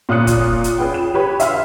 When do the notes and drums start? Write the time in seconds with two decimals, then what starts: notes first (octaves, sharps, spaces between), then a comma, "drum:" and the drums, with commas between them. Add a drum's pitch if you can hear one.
0.09 A#2 F4 C#5 D#6 F#6 C#7
0.27 drum: kick, hi-hat
0.64 drum: hi-hat
0.78 C#4 F4 G#4 B4 G5
0.94 E7
1.14 G4 B4 C#5
1.40 E5 F5 C6 E6 F6, drum: hi-hat